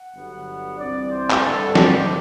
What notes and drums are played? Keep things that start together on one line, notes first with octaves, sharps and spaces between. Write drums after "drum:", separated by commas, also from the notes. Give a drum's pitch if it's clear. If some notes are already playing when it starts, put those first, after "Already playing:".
Already playing: F#5
G1 G2 F#3 B3
C2 C3 E3 D5
C5
drum: clap
G2 D3 G3 A4
G4, drum: snare